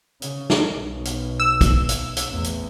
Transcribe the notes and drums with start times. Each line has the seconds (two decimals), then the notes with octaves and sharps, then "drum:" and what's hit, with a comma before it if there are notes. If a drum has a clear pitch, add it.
0.22 C#3, drum: hi-hat
0.50 drum: snare
0.72 B1 B2
1.05 drum: hi-hat
1.40 E6
1.61 drum: kick, hi-hat
1.89 drum: hi-hat
2.17 drum: hi-hat
2.27 A1 E2
2.44 drum: hi-hat